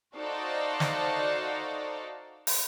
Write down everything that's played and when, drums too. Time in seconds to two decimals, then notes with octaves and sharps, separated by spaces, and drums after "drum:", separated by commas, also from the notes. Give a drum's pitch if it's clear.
0.16 D#4 F#4 A4 C5 D5 F5
0.80 drum: snare
2.47 drum: open hi-hat